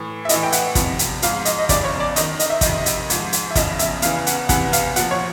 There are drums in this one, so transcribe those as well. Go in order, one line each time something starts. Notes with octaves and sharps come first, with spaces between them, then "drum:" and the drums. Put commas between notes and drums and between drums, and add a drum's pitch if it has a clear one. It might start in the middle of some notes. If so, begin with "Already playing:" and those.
Already playing: A2 E3
E5
A2 E3 D#5, drum: hi-hat
G5
F#5, drum: hi-hat
E2 C3 F3, drum: kick, hi-hat
drum: hi-hat
G#2 F3 F5, drum: hi-hat
D#5, drum: hi-hat
D#5
E2 C#3 F3 D5, drum: kick, hi-hat
C#5
D5
F#2 D#3 D#5, drum: hi-hat
D#5, drum: hi-hat
E5
F2 C3 D#3 D#5, drum: kick, hi-hat
drum: hi-hat
G#2 F3, drum: hi-hat
drum: hi-hat
E5
E2 C#3 F3 D#5, drum: kick, hi-hat
E5, drum: hi-hat
E2 C#3 E3 F5, drum: hi-hat
F#5, drum: hi-hat
E2 C3 E3 F#5, drum: kick, hi-hat
F5, drum: hi-hat
A#2 F3 F#5, drum: hi-hat
C#5